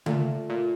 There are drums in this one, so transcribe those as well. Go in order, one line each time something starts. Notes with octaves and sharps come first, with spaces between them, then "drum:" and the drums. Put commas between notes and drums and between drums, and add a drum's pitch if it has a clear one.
A#2 A3, drum: tom C#3
A#2